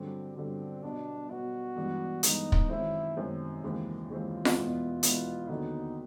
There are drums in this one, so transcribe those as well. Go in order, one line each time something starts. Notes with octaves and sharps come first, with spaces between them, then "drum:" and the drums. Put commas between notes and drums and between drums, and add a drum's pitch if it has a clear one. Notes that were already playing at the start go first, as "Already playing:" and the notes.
Already playing: G2 D3 F#3 C4
G2 D3 F#3 C4
B2 F#3 B3 D4
B2 F#3 B3 F#4
G2 E3 G#3 B3
G2 E3 G#3 B3 D#4, drum: hi-hat
drum: kick
F#2 D#3 G#3 C4 E4
F#2 D#3 G#3 C4
D#2 C#3 E3 G#3 C4
D#2 C#3 E3 G#3 C4 F4
drum: snare F4
E2 B2 G#3 B3 E4
E2 B2 G#3 B3 E4, drum: hi-hat
D#2 D3 F#3 B3 D#4